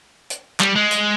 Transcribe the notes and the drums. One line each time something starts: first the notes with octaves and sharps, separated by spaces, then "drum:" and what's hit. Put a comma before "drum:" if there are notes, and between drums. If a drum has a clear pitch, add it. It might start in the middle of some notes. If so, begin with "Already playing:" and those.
drum: hi-hat
G3, drum: clap
G#3
drum: hi-hat